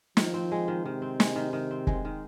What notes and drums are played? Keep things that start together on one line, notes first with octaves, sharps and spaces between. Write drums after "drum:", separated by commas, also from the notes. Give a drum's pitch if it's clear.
D#3 F3, drum: snare
C4
G#3
D#3
C3 D#3
C4
G#3, drum: snare
D#3
D#3
C4
G#3, drum: kick
D#3